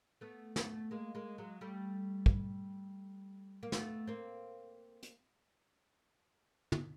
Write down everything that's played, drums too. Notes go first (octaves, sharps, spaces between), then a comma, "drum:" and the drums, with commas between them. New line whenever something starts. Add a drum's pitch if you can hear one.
A3 B3
A3 B3, drum: snare
G#3 A#3
G#3 A#3
F#3 G#3
G3 A3
drum: kick
A#3
A3 B3, drum: snare
A#3 C4
drum: hi-hat
drum: tom